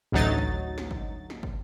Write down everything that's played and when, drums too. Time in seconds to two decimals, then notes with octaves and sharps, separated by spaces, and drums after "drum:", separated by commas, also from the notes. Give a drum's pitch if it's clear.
0.12 A1 D2 F#3 D#4 A6
0.38 drum: kick
0.78 drum: snare
0.91 drum: kick
1.30 drum: snare
1.43 drum: kick